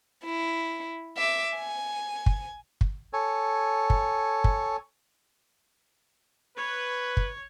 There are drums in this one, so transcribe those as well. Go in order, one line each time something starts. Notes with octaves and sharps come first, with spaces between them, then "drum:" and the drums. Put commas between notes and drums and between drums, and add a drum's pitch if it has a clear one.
E4
E5 D6
G#5
drum: kick
drum: kick
A4 C#5 G#5
drum: kick
drum: kick
B4 C#5
drum: kick